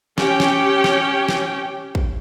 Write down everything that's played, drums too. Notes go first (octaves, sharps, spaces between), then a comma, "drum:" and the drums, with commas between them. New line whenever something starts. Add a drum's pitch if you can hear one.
C#4 G4 C#5 G5, drum: snare
drum: snare
drum: snare
drum: snare
drum: kick